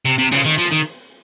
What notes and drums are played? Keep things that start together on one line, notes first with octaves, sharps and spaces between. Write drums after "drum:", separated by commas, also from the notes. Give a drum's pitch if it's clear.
C3
C3
C#3, drum: hi-hat
D#3
F3
D#3